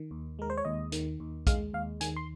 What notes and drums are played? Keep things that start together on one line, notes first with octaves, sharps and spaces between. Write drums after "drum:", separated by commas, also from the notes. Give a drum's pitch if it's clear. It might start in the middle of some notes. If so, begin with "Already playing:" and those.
Already playing: D#3
D#2
G#3 A#4
C5
C#5
D#2 D#5
D#3, drum: hi-hat
D#2
G#3 F5, drum: kick, hi-hat
D#2 F5
D#3 G#5, drum: hi-hat
C6